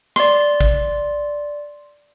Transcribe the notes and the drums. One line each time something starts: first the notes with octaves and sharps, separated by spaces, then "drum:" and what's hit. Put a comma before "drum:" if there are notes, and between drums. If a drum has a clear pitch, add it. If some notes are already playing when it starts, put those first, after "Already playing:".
D5 C6, drum: rim click
drum: kick A1